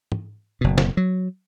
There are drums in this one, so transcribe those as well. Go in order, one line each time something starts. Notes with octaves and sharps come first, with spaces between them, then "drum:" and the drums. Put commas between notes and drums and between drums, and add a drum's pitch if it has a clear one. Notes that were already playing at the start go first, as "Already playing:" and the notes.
drum: tom
F#1 B2
drum: snare
F#3